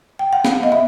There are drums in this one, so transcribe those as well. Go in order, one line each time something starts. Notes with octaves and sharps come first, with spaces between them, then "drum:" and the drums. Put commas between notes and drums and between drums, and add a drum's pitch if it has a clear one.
G5
F#5
B3 F5, drum: snare
D#5
B3 E5